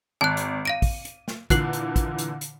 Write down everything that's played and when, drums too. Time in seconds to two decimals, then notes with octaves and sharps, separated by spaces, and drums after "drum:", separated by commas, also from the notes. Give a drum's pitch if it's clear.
0.21 G#1 A5 F#6
0.37 drum: hi-hat
0.65 F5 A#6 D7 D#7
0.82 drum: kick, open hi-hat
1.05 drum: hi-hat
1.28 drum: snare
1.50 A#2 D3 E3 F#6 C7 F#7, drum: kick, hi-hat
1.73 drum: hi-hat
1.96 drum: kick, hi-hat
2.18 drum: hi-hat
2.41 drum: hi-hat